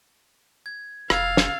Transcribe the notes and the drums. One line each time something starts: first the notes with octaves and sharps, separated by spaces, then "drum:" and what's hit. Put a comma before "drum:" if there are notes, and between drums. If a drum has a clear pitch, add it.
G#6
F1 F5 E6 G#6 A6, drum: rim click
drum: snare